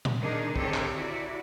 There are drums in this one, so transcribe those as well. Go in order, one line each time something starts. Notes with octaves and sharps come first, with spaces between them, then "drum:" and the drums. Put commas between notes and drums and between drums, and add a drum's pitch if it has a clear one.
drum: tom A#2
D#3 D4 D#4 G#4 A#4
D3 D#3 C4 G4 A4 C#5, drum: kick
drum: clap
E4 F#4 D5